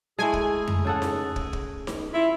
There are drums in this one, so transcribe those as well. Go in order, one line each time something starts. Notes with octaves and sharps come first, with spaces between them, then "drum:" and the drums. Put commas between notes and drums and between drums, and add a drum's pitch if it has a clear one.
G#3 A3 E4 G#4 G#5
drum: kick
drum: tom F2
C#3 A4 F#5
drum: snare D#4
drum: kick
drum: kick
drum: snare D#4
E4 F4